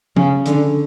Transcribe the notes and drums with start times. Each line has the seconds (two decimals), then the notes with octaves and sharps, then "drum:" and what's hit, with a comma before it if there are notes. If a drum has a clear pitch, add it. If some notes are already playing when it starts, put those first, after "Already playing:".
0.16 C#3, drum: tom F3
0.46 D3, drum: hi-hat